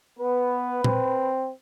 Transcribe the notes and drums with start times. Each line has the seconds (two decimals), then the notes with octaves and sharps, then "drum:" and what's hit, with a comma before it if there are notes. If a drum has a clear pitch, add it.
0.19 B3 B4
0.84 C4, drum: tom A#2